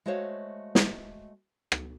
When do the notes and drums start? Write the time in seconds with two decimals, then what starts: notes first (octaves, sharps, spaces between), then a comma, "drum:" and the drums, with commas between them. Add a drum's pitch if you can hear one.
0.06 G#3 A3 F#4 C5 C#5 F5
0.75 drum: snare
1.72 drum: rim click